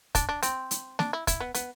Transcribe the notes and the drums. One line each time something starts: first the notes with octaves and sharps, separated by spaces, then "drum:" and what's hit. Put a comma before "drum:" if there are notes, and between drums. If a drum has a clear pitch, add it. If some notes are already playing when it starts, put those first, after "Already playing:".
D4, drum: kick, hi-hat
D4
C4, drum: hi-hat
drum: hi-hat
D4, drum: snare
E4
E4, drum: kick, hi-hat
B3
B3, drum: hi-hat